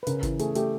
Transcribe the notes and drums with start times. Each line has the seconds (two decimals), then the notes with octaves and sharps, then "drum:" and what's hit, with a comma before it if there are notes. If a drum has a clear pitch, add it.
0.03 B4
0.07 C#3 A#4, drum: hi-hat
0.23 E3, drum: kick G1, hi-hat
0.39 A3 G#4, drum: hi-hat
0.55 A3 G4, drum: hi-hat